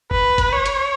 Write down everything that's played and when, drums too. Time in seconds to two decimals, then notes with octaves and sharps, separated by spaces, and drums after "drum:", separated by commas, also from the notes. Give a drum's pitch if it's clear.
0.11 B4, drum: kick F#1
0.38 drum: kick F#1, hi-hat
0.52 C#5
0.66 drum: hi-hat